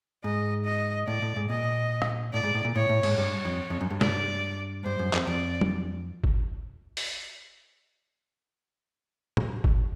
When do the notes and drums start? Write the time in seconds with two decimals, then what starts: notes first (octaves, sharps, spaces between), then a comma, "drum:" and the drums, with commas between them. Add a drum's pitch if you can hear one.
0.24 G#2 D#5
0.65 D#5
1.07 A2 D5
1.22 A2
1.36 G#2
1.50 A#2 D#5
2.02 drum: rim click
2.34 A2 D5
2.43 G#2
2.55 A2
2.65 A#2
2.76 A2 C#5
2.89 A2
3.03 G#2, drum: cymbal
3.17 G2 C#5
3.45 F2
3.70 F2
3.81 F#2
3.90 G2
4.01 D5, drum: snare
4.85 G2 C5
4.99 F#2
5.13 F2, drum: clap
5.27 F2 D5
5.61 drum: tom F#3
6.24 drum: kick G#1
6.97 drum: open hi-hat
9.37 drum: tom
9.64 drum: kick G#1